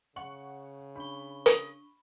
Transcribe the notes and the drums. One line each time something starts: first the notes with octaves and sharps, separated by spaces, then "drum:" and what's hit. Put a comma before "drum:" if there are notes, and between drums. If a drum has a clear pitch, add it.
C#3 F#5 C#6 F#7
D4 B5 C#6 G7
drum: hi-hat